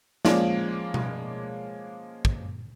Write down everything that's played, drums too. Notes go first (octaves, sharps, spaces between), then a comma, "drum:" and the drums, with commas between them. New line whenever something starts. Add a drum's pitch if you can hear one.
F3 G#3 A#3 C#4 F4 D5, drum: snare
drum: tom B2
drum: kick